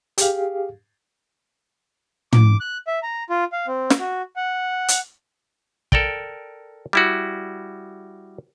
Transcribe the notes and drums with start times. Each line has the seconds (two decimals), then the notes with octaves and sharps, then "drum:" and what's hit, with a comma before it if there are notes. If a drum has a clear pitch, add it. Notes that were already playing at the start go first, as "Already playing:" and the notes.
0.18 G4 G#4 F5, drum: hi-hat
2.33 D6, drum: tom
2.60 F#6
2.87 E5
3.03 A#5
3.30 F4
3.52 F5
3.67 C4
3.90 drum: snare
4.00 F#4
4.36 F#5
4.88 drum: hi-hat
5.92 A4 A#4 D5 G5, drum: kick
6.93 G3 E4 F#4